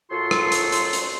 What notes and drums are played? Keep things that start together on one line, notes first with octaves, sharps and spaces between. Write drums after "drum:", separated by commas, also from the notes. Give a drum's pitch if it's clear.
A2 A#3 F4 F#4 A4 C6
drum: rim click
drum: hi-hat
drum: hi-hat
drum: hi-hat